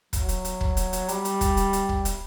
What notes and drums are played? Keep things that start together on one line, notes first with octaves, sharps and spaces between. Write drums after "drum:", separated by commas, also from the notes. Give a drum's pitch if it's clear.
F#3, drum: kick, hi-hat
drum: hi-hat
drum: hi-hat
drum: kick
drum: hi-hat
drum: hi-hat
G3, drum: hi-hat
drum: hi-hat
drum: kick, hi-hat
drum: hi-hat
drum: hi-hat
drum: kick
drum: hi-hat